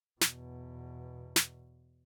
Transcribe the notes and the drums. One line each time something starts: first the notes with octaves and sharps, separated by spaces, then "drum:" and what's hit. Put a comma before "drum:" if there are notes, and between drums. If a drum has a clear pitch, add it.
E2 B2, drum: snare
drum: snare